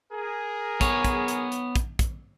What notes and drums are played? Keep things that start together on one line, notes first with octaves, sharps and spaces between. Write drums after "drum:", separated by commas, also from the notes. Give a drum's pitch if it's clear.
G#4 A#4
B3 C#5, drum: kick, hi-hat
drum: kick, hi-hat
drum: hi-hat
drum: hi-hat
drum: kick, hi-hat
drum: kick, hi-hat